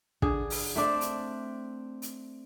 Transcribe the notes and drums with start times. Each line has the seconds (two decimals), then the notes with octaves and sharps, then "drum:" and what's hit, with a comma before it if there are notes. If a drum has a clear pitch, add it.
0.22 D3 G#4, drum: kick
0.50 drum: open hi-hat
0.76 A3 C4 D4
1.01 drum: hi-hat
2.02 drum: hi-hat